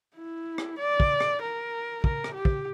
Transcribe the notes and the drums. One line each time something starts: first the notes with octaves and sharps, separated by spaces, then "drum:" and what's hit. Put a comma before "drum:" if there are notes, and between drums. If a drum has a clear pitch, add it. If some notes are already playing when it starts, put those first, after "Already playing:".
E4
drum: rim click
D5
drum: kick
drum: rim click
A#4
A#4, drum: kick
drum: rim click
G4
drum: kick